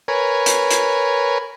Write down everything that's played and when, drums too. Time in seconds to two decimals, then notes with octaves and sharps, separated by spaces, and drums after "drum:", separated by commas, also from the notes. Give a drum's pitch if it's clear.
0.08 A#4 B4 C#5 G#5
0.46 drum: hi-hat
0.71 drum: hi-hat